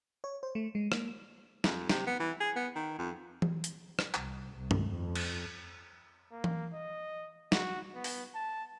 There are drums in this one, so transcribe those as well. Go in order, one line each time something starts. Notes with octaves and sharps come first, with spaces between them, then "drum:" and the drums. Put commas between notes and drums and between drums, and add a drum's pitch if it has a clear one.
C#5
C5
A3
G#3
A#3, drum: rim click
F2, drum: snare
C3, drum: snare
B3
E3
G#4
B3
D#3
F2
drum: tom E3
drum: hi-hat
drum: rim click
C2, drum: clap
C2
drum: tom
F2
drum: cymbal
A#3
drum: tom E3
D#5
F#4, drum: snare
B3
drum: open hi-hat
A5